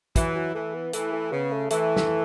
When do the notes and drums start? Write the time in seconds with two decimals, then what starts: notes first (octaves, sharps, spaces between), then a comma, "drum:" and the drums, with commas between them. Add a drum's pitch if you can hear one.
0.16 E3 F#3, drum: kick, hi-hat
0.35 F#3
0.55 E3 A3
0.74 B3
0.93 E3 A3, drum: hi-hat
1.13 A3
1.32 C#3 B3
1.51 A3
1.70 E3 A3, drum: hi-hat
1.96 drum: snare